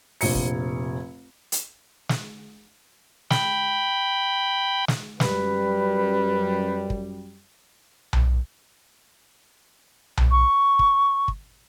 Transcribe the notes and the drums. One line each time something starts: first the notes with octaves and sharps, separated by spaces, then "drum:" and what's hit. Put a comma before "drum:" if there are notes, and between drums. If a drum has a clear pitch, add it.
F1 A#1 C#7, drum: open hi-hat
drum: kick
drum: hi-hat
drum: snare
G5 B5, drum: snare
drum: snare
F#2 G3 B4, drum: snare
drum: kick
drum: tom B1
drum: tom B1
C#6
drum: kick
drum: kick